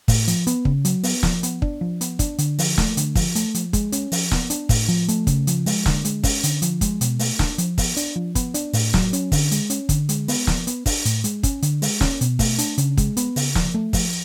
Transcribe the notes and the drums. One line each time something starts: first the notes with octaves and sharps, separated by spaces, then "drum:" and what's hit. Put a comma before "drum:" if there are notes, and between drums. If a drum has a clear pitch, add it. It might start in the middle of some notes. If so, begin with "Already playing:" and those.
A2, drum: kick, open hi-hat
F3, drum: hi-hat
B3, drum: hi-hat
C#3, drum: kick
F#3, drum: hi-hat
B3, drum: open hi-hat
F3, drum: snare
B3, drum: hi-hat
D4, drum: kick
F3
B3, drum: hi-hat
D4, drum: kick, hi-hat
D3, drum: hi-hat
F3, drum: open hi-hat
A3, drum: snare
D3, drum: hi-hat
F3, drum: kick, open hi-hat
A3, drum: hi-hat
F3, drum: hi-hat
G#3, drum: kick, hi-hat
C#4, drum: hi-hat
F3, drum: open hi-hat
B3, drum: snare
D4, drum: hi-hat
A2, drum: kick, open hi-hat
F3
A3, drum: hi-hat
C#3, drum: kick, hi-hat
F3, drum: hi-hat
G#3, drum: open hi-hat
D3, drum: snare
G#3, drum: hi-hat
C#4, drum: kick, open hi-hat
D3, drum: hi-hat
F3, drum: hi-hat
G#3, drum: kick, hi-hat
B2, drum: hi-hat
A3, drum: open hi-hat
D4, drum: snare
F3, drum: hi-hat
B3, drum: kick, open hi-hat
D4, drum: hi-hat
F3
B3, drum: kick, hi-hat
D4, drum: hi-hat
A2, drum: open hi-hat
F#3, drum: snare
C#4, drum: hi-hat
D3, drum: kick, open hi-hat
G#3, drum: hi-hat
C#4, drum: hi-hat
D3, drum: kick, hi-hat
G#3, drum: hi-hat
B3, drum: open hi-hat
F3, drum: snare
B3, drum: hi-hat
D4, drum: kick, open hi-hat
A2, drum: hi-hat
G#3, drum: hi-hat
C#4, drum: kick, hi-hat
D3, drum: hi-hat
G#3, drum: open hi-hat
C#4, drum: snare
B2, drum: hi-hat
A3, drum: kick, open hi-hat
D4, drum: hi-hat
C#3, drum: hi-hat
G#3, drum: kick, hi-hat
B3, drum: hi-hat
C#3, drum: open hi-hat
F3, drum: snare
A3
F3, drum: kick, open hi-hat